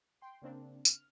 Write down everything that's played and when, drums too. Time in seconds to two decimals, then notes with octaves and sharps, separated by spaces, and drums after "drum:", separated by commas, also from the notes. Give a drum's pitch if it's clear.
0.22 G5 C6
0.42 C#3 A#3 C4 D4
0.85 F6, drum: tambourine